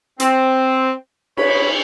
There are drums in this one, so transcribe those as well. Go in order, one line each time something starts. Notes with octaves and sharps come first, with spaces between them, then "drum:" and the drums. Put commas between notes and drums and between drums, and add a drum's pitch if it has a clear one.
C4, drum: hi-hat
B4 C#5, drum: cymbal